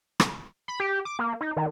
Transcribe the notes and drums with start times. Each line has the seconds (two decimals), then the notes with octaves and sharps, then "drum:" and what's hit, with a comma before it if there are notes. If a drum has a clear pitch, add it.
0.20 drum: rim click
0.68 B5
0.80 G4
1.05 D6
1.19 A#3
1.41 D#4
1.57 D#3